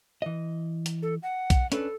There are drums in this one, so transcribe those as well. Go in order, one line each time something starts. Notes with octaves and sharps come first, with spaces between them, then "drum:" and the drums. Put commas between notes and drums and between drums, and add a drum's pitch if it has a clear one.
E3 D#5
drum: hi-hat
A4
F#5
drum: kick B1, hi-hat
C#4 D4 A4 B4, drum: hi-hat